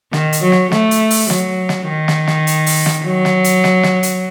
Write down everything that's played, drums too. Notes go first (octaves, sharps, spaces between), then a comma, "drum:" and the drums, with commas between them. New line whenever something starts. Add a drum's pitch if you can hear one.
D#3, drum: snare
drum: hi-hat
F#3
drum: snare
A3, drum: snare
drum: hi-hat
drum: open hi-hat
F#3, drum: snare
drum: snare
D#3
drum: snare
drum: snare
drum: hi-hat
drum: open hi-hat
drum: snare
F#3
drum: snare
drum: hi-hat
drum: snare
drum: snare
drum: hi-hat